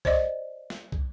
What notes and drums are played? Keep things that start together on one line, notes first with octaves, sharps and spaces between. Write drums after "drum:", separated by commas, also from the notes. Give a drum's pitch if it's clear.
C5 D5 D#5, drum: kick
drum: snare A3
drum: kick